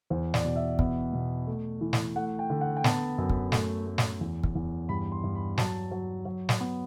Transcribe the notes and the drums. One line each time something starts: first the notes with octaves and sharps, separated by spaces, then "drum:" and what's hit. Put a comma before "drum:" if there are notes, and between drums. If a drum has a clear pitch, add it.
E2 C5
D5, drum: snare
B2
E5
B3, drum: kick
B2
A3
E3
drum: snare
A3 F#5
G5
D3
F#5
G5
B3 A5, drum: snare
F#2
drum: kick
A3, drum: snare
A3
drum: snare
E2
drum: kick
E2
G2 B5
C6
G2
B5
F#3 A5, drum: snare
F#3
F#3
drum: snare
B3